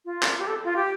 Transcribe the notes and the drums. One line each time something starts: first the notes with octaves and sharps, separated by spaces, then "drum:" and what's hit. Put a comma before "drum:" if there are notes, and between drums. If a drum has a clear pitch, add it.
F4
drum: clap
G4
A4
F4
G4